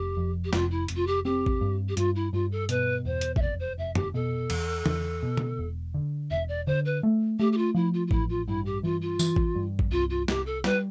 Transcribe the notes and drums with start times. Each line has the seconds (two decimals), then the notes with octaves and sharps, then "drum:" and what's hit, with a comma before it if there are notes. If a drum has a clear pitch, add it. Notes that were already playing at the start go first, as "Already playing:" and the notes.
Already playing: F1 G4
0.17 F2
0.44 G4
0.53 F1 F4, drum: snare
0.70 E4
0.88 F1, drum: hi-hat
0.95 F4
1.06 G4
1.25 C4 G4
1.46 drum: kick A1
1.61 G2
1.88 G4
1.97 G2 F4, drum: hi-hat
2.15 E4
2.33 G2 F4
2.51 A4
2.69 B2 B4, drum: hi-hat
3.05 E2 C5
3.21 drum: hi-hat
3.36 E5, drum: kick A1
3.41 F1 D5
3.59 C5
3.78 F1 E5
3.95 G4, drum: tom
4.14 B2 A4
4.50 E2, drum: cymbal
4.86 E2, drum: tom
5.23 B2
5.37 drum: tom
5.59 E1
5.94 D3
6.30 E1 E5
6.48 D5
6.67 D3 C5
6.85 B4
7.03 A3
7.39 A3 G4
7.52 G4
7.57 F4
7.74 F3 E4
7.93 F4
8.07 F4
8.11 A1 E4, drum: kick A1
8.29 F4
8.47 G2 E4
8.65 G4
8.83 E3 F4
9.01 F4
9.19 E3, drum: tambourine
9.36 drum: kick A1
9.55 G2
9.79 drum: kick A1
9.91 C2 F4
10.09 F4
10.28 C2 G4, drum: snare
10.46 A4
10.64 G3 B4, drum: snare